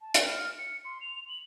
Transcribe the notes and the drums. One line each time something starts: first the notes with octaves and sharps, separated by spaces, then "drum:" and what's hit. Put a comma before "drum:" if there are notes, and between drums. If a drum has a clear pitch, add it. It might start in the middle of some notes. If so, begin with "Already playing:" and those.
A5
drum: hi-hat
F6
C#7
C6
F7
F#7